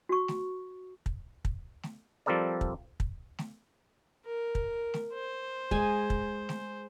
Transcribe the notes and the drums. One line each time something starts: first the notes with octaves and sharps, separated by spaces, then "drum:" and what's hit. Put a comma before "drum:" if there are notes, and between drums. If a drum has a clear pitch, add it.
F#4 C#6
drum: snare A3
drum: kick
drum: kick
drum: snare A3
F3 G3 C4 A4 A#4 D5
drum: kick
drum: kick
drum: snare A3
A#4
drum: kick
drum: snare A3
C5
G#3 G#5, drum: kick
drum: kick
drum: snare A3